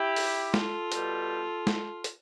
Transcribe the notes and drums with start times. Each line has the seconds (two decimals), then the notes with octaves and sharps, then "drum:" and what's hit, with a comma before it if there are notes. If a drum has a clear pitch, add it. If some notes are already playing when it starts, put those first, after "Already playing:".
Already playing: E4 G4
0.16 drum: open hi-hat
0.54 F4 A4, drum: snare
0.92 B2 G3, drum: hi-hat
1.67 drum: snare
2.04 drum: hi-hat